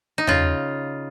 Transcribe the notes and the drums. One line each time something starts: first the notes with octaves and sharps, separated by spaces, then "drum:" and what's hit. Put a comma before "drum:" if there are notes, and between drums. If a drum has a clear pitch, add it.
D#4
C#3 F4, drum: tom E2